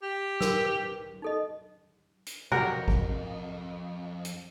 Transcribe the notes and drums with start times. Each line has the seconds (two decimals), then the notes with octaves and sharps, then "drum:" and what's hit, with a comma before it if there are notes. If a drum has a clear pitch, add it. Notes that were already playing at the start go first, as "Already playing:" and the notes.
0.02 G4
0.40 A#4 B4 E6, drum: snare
0.65 B4
1.22 D#4 A4 D#5
2.26 drum: hi-hat
2.52 F2 F#3 G4 A#4 F#5, drum: tom C3
2.88 drum: kick G#1
4.25 drum: hi-hat